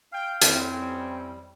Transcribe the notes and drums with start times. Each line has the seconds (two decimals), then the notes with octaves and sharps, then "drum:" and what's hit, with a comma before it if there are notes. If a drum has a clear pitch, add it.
0.12 F5 G5
0.42 F2 C4 C#4 E4, drum: hi-hat
0.80 G3